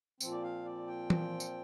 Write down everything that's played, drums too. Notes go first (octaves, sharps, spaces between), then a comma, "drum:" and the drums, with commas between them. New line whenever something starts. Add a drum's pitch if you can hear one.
A#2 F3 C4, drum: tambourine
D5
F5
D5
G5
drum: tom E3
drum: tambourine